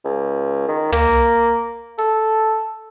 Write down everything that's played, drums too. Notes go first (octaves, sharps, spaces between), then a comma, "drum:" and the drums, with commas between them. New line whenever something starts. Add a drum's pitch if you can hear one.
C#2
D#3
A#3, drum: tom
A4, drum: hi-hat